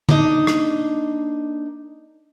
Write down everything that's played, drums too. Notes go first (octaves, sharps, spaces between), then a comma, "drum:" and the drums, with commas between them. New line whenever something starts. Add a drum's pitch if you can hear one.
A#3 D4 D#4 D#5, drum: tom D3
drum: rim click